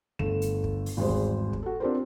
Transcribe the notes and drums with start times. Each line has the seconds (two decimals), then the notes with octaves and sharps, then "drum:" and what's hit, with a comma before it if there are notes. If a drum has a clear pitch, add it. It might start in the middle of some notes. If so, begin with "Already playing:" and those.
0.19 G1 A3 E7, drum: kick
0.42 drum: hi-hat
0.64 drum: kick
0.86 drum: open hi-hat
0.97 G#1 E2 G3 G#4 C5
1.09 drum: kick
1.53 drum: kick
1.63 F#4 A4
1.80 C4 D4 F4 G4 A#4 C5